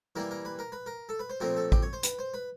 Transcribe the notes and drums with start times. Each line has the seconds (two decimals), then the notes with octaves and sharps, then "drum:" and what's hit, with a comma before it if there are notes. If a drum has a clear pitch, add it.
0.16 E3 G3 A#3 A#4
0.31 A#4
0.45 B4
0.59 A#4
0.72 B4
0.86 A#4
1.09 A4
1.19 B4
1.30 C5
1.40 A#2 F3 A3 C4 A#4
1.57 A4
1.72 G4, drum: kick A1
1.82 C#5
1.93 C5
2.03 B4, drum: hi-hat
2.19 C5
2.34 B4